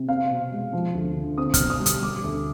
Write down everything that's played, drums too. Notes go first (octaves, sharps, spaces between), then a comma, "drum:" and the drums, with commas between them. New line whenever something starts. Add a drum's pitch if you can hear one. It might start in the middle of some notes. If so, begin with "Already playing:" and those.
Already playing: C3
C4 F5
B2
G#3
F3
D2
D3
C4 D#6
F6, drum: kick, hi-hat
B2
D#6
G3
D#6, drum: hi-hat
G3 D6
D2